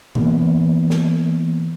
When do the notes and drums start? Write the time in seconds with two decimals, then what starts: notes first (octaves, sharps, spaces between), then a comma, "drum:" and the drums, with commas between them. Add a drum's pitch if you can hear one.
0.15 E3 A#3 B3, drum: tom B2
0.90 drum: snare